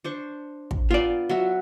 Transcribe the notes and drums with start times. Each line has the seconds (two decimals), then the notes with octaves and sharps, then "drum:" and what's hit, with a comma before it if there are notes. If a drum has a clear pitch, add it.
0.04 D4 C5 C#6
0.71 drum: kick
0.91 B3 F4 D5
1.29 F#3 F#4 E5